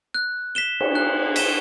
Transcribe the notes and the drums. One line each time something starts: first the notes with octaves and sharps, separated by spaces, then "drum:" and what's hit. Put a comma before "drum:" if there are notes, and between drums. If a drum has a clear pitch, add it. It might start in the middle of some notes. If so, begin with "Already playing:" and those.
F#6
B6 E7 G7
drum: cymbal
F#6
B6 E7 G7, drum: cymbal